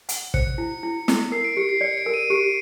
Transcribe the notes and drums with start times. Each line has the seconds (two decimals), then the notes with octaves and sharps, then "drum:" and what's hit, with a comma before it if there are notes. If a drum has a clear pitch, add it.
0.09 F#5, drum: hi-hat
0.34 C5 C#7, drum: kick
0.58 E4
0.83 E4
1.08 E4, drum: snare
1.32 A#4 C7
1.44 D7
1.57 G4 C#7
1.69 C7
1.81 D5 C#7
1.93 C#7
1.97 D7
2.06 A#4
2.14 D#7
2.30 G4 D7